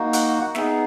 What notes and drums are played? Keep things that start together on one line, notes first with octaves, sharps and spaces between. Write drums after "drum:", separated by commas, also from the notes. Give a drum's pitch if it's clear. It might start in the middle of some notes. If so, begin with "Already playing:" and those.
Already playing: A#3 D#4 F#4
F#5, drum: hi-hat
F#5
B3 D#4 G#4 E5, drum: snare